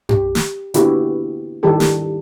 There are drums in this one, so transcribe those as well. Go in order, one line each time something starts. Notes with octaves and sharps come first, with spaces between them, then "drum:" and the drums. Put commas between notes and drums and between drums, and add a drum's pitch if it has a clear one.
G4, drum: tom F#2
drum: snare
D3 A#3 B3 E4 F#4 G4, drum: hi-hat
D#3 G3 E4 G4 A4
drum: snare